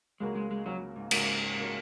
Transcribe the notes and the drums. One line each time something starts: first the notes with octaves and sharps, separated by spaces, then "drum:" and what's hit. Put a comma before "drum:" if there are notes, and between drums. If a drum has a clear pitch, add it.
C#2 C#3 G#3 A#3 F#4 A#4
G#3
G#3
C#2 C#3 F#3 A#3 F#4 A#4
G#2
C#2 G#2 C#3 A#3 F#4 A#4, drum: cymbal
C#3 A#3 F#4 A#4